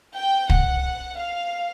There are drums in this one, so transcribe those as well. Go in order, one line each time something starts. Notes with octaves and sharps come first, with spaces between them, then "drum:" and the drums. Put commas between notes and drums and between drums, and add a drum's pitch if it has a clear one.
G5
F#5, drum: kick
F5